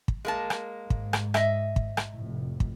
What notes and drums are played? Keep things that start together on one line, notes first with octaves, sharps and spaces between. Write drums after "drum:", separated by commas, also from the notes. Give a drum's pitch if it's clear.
drum: kick
G#3 A#3 A5
drum: rim click
G#2, drum: kick
drum: rim click
D#5 E5, drum: rim click
drum: kick
drum: rim click
F1 A2
drum: kick